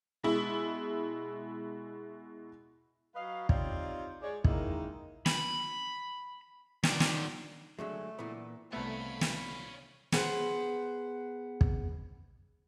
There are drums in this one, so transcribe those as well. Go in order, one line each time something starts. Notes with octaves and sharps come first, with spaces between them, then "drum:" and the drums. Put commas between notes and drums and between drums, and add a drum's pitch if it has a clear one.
B2 G#3 E4
F#3 B4 D#5 F5
C4 D#4 F4 G4 C#5 D5, drum: kick
G#3 C#5 D5
D#3 G#3 A#3 C#4 D#4 E4, drum: kick
B5, drum: snare
D#3 D5, drum: snare
drum: snare
D3 F#3 G#3 A3
A#2 E3 B3
C2 A3 B3 C#5 F5 B5
drum: snare
B3 G#4 B4 C5, drum: snare
drum: kick